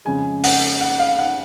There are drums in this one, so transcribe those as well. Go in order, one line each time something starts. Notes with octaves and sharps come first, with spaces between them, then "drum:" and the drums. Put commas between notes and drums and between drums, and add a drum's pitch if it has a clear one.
F2 C#3 G#3 G#5
F#5, drum: open hi-hat
F#5
F5
F#5